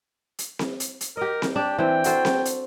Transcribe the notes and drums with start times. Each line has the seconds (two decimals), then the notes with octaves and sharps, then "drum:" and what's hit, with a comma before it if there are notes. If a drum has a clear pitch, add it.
0.39 drum: hi-hat
0.59 drum: snare C4
0.80 drum: hi-hat
1.01 drum: hi-hat
1.17 G4 A#4 D#5
1.42 drum: snare C4
1.56 D4 G4
1.79 E3 C4 G5
2.04 F#4 A4 C5, drum: hi-hat
2.25 drum: snare C4
2.45 drum: hi-hat